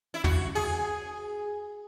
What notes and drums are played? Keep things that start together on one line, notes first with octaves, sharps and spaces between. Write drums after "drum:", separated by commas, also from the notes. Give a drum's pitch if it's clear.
E4
F#4, drum: tom
G#4, drum: open hi-hat